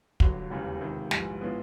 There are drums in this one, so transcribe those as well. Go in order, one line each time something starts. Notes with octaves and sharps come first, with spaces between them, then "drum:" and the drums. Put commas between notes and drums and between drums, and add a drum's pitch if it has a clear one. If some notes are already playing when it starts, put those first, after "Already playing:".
G1 G2 D3 F#3, drum: kick
E1 D#2 C#3 E3 G3
C#2 C3 D#3
A#1 G#2 E3 G3, drum: snare
A2 F3 G#3 B3